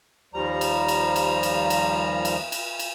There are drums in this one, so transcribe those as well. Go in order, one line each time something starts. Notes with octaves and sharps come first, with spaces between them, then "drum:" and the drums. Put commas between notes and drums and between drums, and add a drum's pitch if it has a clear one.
D#2 F3 G3 A#5
drum: cymbal
drum: cymbal
drum: cymbal
drum: cymbal
drum: cymbal
drum: cymbal
drum: cymbal
drum: cymbal